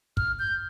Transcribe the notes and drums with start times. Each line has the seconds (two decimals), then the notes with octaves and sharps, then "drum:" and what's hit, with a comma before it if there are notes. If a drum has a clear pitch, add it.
0.17 F6, drum: kick
0.39 G6